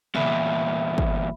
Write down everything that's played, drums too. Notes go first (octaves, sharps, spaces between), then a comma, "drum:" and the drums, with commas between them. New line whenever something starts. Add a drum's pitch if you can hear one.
E2 A#2 E5 B5, drum: tom C3
drum: kick